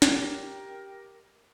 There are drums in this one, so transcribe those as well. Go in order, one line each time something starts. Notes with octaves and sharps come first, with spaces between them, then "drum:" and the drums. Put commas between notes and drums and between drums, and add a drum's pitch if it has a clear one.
G4 A#4, drum: snare